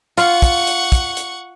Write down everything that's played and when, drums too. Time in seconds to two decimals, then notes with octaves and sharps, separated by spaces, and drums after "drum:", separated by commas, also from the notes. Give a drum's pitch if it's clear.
0.18 F4 F#5 C#6, drum: hi-hat
0.42 drum: kick, hi-hat
0.67 drum: hi-hat
0.92 drum: kick, hi-hat
1.17 drum: hi-hat